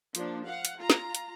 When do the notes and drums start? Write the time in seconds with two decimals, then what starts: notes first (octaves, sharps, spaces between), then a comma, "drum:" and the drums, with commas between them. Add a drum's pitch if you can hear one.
0.15 F3 A#3 D4, drum: hi-hat
0.45 F5 F#5
0.65 drum: hi-hat
0.78 F4 A#5
0.90 drum: snare
1.15 drum: hi-hat